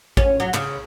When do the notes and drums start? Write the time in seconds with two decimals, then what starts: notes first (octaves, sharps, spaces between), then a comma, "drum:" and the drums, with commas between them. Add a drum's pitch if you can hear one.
0.17 C#4, drum: kick A1
0.40 F#3
0.54 C#3, drum: clap